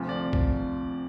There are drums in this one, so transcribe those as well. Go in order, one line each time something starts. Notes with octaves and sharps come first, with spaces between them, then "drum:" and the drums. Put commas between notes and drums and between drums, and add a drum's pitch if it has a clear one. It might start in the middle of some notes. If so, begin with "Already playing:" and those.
Already playing: D2 C3 F3
D5
drum: kick